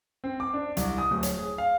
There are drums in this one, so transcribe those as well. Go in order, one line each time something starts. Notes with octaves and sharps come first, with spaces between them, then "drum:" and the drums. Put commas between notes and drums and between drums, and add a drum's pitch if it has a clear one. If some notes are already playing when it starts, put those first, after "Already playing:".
C4
D6
D4
C2, drum: hi-hat
D#6
D1
C#5, drum: hi-hat
G#4
F5